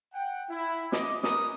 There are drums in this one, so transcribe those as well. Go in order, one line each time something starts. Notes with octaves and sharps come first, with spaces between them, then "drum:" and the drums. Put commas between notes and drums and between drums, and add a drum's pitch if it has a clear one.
F#5 G5
E4
D#5 D6, drum: snare
C#4 A#4 B4 D#6, drum: snare